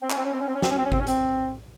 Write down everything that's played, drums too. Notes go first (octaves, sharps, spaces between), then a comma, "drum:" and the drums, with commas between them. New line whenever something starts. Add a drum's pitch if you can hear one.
C4
C#4, drum: clap
C4
C#4
C4
C#4
C4
C#4
C4, drum: snare
C#4
C4
C#4
C4, drum: kick G1
C#4
C4, drum: hi-hat